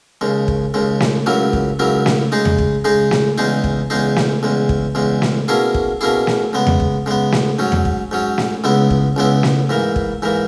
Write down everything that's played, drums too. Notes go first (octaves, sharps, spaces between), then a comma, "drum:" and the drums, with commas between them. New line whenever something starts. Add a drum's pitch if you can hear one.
D#2 C#3 G#3
drum: kick
D#2 C#3 G#3
drum: snare
C#2 C#3 F#3 A#3 E4
drum: kick
C#2 C#3 F#3 A#3 E4
drum: snare
C#3 G#3 D#4 G#4
drum: tom E2
drum: kick
C#3 G#3 D#4 G#4
drum: snare
E2 C#3 G#3 D#4 G#4
drum: kick
E2 C#3 G#3 D#4 G#4
drum: snare
E2 C#3 G#3
drum: kick
E2 C#3 G#3
drum: snare
B2 A#3 C#4 E4 G#4
drum: kick
B2 A#3 C#4 E4 G#4
drum: snare
C#3 G#3 B3
drum: tom E2
drum: kick
C#3 G#3 B3
drum: snare
G#2 F#3 C#4
drum: tom E2
drum: kick
G#2 F#3 C#4
drum: snare
C#2 C#3 G#3 B3 E4
drum: kick
C#2 C#3 G#3 B3 E4
drum: snare
G#2 E3 A#3
drum: kick
G#2 E3 A#3